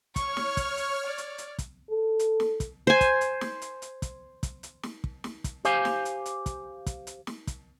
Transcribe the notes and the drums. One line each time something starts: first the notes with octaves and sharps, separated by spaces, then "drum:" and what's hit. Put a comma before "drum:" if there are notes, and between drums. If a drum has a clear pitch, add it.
C#5 C#6 F6, drum: kick, hi-hat
drum: snare
drum: kick, hi-hat
drum: hi-hat
D5
drum: hi-hat
drum: hi-hat
drum: kick, hi-hat
A4
drum: hi-hat
drum: snare
drum: kick, hi-hat
C5 G#5
drum: kick, hi-hat
drum: hi-hat
drum: snare
drum: hi-hat
drum: hi-hat
drum: kick, hi-hat
drum: kick, hi-hat
drum: hi-hat
drum: snare
drum: kick
drum: snare
drum: kick, hi-hat
G4 C5 F5 G#5, drum: hi-hat
drum: snare
drum: hi-hat
drum: hi-hat
drum: kick, hi-hat
drum: kick, hi-hat
drum: hi-hat
drum: snare
drum: kick, hi-hat